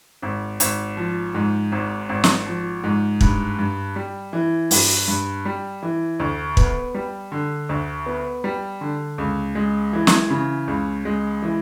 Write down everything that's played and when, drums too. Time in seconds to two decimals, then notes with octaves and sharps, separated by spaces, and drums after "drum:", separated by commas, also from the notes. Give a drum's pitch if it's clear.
0.22 G#1
0.60 G#1, drum: hi-hat
0.97 F3
1.35 G#2
1.72 G#1
2.09 G#1
2.24 drum: snare
2.46 F3
2.84 G#2
3.21 G2, drum: kick
3.59 G2
3.96 G3
4.33 E3
4.71 G2, drum: open hi-hat
5.08 G2
5.45 G3
5.83 E3
6.20 D2
6.57 B3, drum: kick
6.94 G3
7.32 D3
7.69 D2
8.06 B3
8.44 G3
8.81 D3
9.18 C#2
9.55 G#3
9.93 E3
10.07 drum: snare
10.30 C#3
10.68 C#2
11.05 G#3
11.42 E3